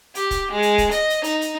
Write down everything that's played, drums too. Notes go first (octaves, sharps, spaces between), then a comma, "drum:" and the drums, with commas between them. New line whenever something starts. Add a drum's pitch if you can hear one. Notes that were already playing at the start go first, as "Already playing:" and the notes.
G4, drum: hi-hat
drum: kick C#1, hi-hat
G#3
drum: hi-hat
drum: kick C#1, hi-hat
D#5, drum: hi-hat
drum: hi-hat
D#4, drum: hi-hat
drum: hi-hat